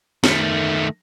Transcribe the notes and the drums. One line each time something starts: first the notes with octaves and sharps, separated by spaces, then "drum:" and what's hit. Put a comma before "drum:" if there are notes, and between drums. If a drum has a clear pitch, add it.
D#3 A3, drum: snare